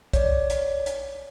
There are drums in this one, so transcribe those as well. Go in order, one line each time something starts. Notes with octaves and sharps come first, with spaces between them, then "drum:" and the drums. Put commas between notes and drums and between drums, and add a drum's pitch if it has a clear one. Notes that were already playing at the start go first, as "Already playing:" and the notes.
C#5 D5, drum: kick, hi-hat
drum: hi-hat
drum: hi-hat